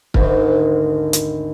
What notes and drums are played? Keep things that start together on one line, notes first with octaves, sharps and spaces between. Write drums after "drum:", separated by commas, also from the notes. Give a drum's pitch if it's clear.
G#1 D2, drum: kick
drum: hi-hat